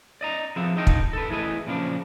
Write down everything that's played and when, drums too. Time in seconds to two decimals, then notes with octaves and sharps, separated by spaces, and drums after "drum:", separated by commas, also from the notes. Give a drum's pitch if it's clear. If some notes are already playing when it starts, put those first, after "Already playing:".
0.21 D5 D#5 A#5
0.56 F3 B3 C4 G#4 E5
0.76 D4 D#4 F4 D#5 G5
0.87 drum: kick
1.13 A4 B4
1.30 A2 E3 G#4 B4 D#5
1.67 A#2 C#3 F3 D4